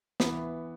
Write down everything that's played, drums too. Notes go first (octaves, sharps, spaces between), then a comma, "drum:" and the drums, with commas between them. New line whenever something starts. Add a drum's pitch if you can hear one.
E3 B3 E4, drum: snare